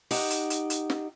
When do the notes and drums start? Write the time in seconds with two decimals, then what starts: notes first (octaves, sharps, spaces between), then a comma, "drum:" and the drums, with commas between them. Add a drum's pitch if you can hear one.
0.11 D#4 G4 F#5, drum: open hi-hat
0.30 drum: hi-hat
0.50 drum: hi-hat
0.70 drum: hi-hat
0.90 drum: snare